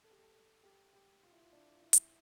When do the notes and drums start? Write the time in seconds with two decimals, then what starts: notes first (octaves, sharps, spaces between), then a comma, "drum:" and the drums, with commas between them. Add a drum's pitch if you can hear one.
0.04 A4
0.11 G4
0.19 A4
0.34 A4
0.64 G4
0.93 G4
1.23 F4
1.32 E4
1.41 F4
1.53 D4
1.75 F4
1.83 E4
1.93 drum: hi-hat